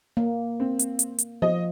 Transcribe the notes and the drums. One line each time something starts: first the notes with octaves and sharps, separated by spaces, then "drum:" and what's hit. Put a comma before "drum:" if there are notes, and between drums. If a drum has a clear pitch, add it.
A#3
C4
drum: hi-hat
drum: hi-hat
drum: hi-hat
F3 D#5